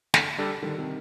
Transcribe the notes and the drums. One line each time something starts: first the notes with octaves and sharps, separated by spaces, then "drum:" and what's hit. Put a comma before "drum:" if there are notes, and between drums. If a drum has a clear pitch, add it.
D3, drum: snare
G3 D4 A4
D3 D#3 G3
C3 D#3